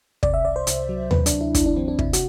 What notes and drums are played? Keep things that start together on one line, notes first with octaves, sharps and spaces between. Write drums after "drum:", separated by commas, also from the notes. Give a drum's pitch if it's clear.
C3 D5, drum: kick
E5
C2 D5
C5
C2, drum: hi-hat
F#3
C3 B4, drum: tom D#2
D4, drum: hi-hat
D2
E4
D2 D4, drum: kick, hi-hat
D4
E3 C4
D4
C3 E4, drum: kick
F#4, drum: hi-hat